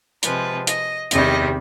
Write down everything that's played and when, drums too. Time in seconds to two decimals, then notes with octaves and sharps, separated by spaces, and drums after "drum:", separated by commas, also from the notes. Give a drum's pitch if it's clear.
0.23 C3 F3 G#3 B4, drum: hi-hat
0.67 D#5, drum: hi-hat
1.11 E2 C3 D#3 G3 D#5, drum: hi-hat